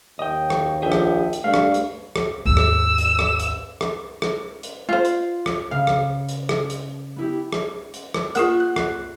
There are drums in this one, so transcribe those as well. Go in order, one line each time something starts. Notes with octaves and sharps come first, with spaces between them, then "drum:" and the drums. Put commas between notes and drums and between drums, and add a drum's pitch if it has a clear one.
D#2 D#5 G5
drum: rim click
A#1 G#4 E5 G5
drum: rim click
drum: hi-hat
G2 A3 D4 F5
drum: rim click
drum: hi-hat
drum: rim click
G#1 D#2 E6
drum: rim click
drum: hi-hat
drum: rim click
drum: hi-hat
drum: rim click
drum: rim click
drum: hi-hat
F4 C5
drum: hi-hat
drum: rim click
C#3 F5
drum: rim click
drum: hi-hat
drum: rim click
drum: hi-hat
B3 E4 G4
drum: rim click
drum: hi-hat
drum: rim click
A#3 F4 G#4 A#4 F#5 F#6, drum: hi-hat
F#6
drum: rim click